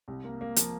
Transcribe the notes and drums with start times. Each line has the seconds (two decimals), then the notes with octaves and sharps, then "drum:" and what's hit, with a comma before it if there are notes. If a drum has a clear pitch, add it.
0.08 C2
0.24 A#3
0.41 A#3
0.56 F3, drum: hi-hat